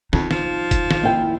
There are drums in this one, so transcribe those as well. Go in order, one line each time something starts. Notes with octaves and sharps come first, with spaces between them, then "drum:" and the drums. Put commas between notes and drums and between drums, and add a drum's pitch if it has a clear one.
F2 D#4, drum: snare
F3, drum: snare
drum: kick F1, hi-hat
drum: snare
D#2 E4 G5